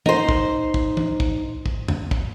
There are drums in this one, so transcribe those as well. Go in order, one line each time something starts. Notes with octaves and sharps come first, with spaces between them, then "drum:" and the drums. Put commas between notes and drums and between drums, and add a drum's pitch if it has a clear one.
D#4 C5, drum: tom
drum: kick
drum: kick
drum: tom
drum: kick
drum: kick
drum: tom E2
drum: kick